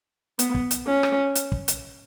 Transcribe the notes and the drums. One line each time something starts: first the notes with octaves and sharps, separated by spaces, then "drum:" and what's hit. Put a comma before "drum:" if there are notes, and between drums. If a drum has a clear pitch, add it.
B3, drum: hi-hat
drum: kick
drum: hi-hat
C#4
drum: rim click
drum: hi-hat
drum: kick
drum: hi-hat